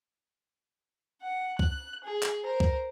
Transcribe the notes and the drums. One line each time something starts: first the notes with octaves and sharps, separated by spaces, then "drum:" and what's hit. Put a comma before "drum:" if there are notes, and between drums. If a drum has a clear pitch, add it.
F#5
F#6, drum: kick C#2
G#4
drum: clap
A#4 C5
drum: kick C#2